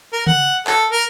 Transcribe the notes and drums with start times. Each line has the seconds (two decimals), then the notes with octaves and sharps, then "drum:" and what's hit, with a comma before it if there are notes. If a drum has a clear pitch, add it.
0.13 A#4
0.27 F#5, drum: tom C#3
0.67 A4, drum: clap
0.91 A#4